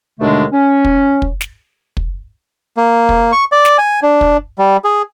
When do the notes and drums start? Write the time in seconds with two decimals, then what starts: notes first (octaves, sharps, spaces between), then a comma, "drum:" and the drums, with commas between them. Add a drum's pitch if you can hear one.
0.19 D#2 B2 D3 G#3 A3 D4
0.51 C#4
0.85 drum: kick
1.22 drum: kick
1.41 drum: snare
1.97 drum: kick
2.77 A#3
3.09 drum: kick
3.32 C#6
3.52 D5
3.65 drum: snare
3.78 G#5
4.03 D4
4.21 drum: kick
4.58 G3
4.84 G#4